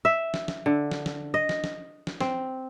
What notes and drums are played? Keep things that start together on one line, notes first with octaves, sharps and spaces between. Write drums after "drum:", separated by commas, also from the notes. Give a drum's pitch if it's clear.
E5
drum: snare
drum: snare
D3
drum: snare
drum: snare
D#5
drum: snare
drum: snare
drum: snare
C4, drum: snare